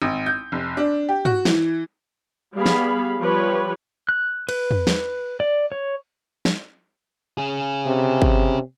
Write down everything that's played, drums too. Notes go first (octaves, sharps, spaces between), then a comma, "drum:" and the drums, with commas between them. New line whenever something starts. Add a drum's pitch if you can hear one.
G#1
G6
F1
D4
G4
F#4, drum: tom
E3, drum: snare
G3 B3 G#4 F5 B5
drum: snare
F3 G3 G4 B4 C#5
F#6
B4, drum: cymbal
drum: tom
drum: snare
D5
C#5
drum: snare
C#4 G#4
C3
drum: kick